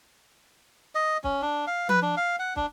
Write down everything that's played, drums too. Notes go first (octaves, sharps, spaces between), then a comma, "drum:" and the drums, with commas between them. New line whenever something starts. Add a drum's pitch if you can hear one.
D#5
C#4, drum: kick
D4
F5
B4, drum: tom F3
D4
F5
F#5
D4, drum: kick